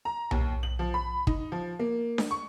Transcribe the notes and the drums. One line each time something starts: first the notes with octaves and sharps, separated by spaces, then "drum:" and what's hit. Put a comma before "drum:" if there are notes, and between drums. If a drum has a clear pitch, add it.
A#5
D#2, drum: tom B1
F#7
F3
B5
D#4, drum: kick
F3
A#3
drum: snare D4
C#6